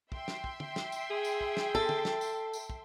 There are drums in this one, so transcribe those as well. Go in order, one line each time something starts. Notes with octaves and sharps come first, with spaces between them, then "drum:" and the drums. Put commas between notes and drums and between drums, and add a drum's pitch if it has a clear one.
E5 G5 C6, drum: kick
drum: snare
drum: kick
drum: tom
drum: snare
drum: tambourine
G#4
drum: tambourine
drum: kick
drum: snare
A4, drum: kick
drum: tom
drum: snare
drum: tambourine
drum: tambourine
drum: kick